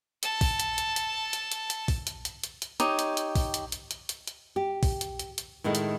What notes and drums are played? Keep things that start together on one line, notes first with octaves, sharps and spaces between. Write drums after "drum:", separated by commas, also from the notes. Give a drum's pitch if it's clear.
A4 A5, drum: hi-hat
drum: kick, open hi-hat
drum: hi-hat
drum: hi-hat
drum: hi-hat
drum: hi-hat
drum: hi-hat
drum: hi-hat
drum: kick, open hi-hat
drum: hi-hat
drum: hi-hat
drum: hi-hat
drum: hi-hat
D#4 G4 C#5, drum: hi-hat
drum: hi-hat
drum: hi-hat
drum: kick, open hi-hat
drum: hi-hat
drum: hi-hat
drum: hi-hat
drum: hi-hat
drum: hi-hat
G4
drum: kick, open hi-hat
drum: hi-hat
drum: hi-hat
drum: hi-hat
A2 D#3 G#3 E4
drum: hi-hat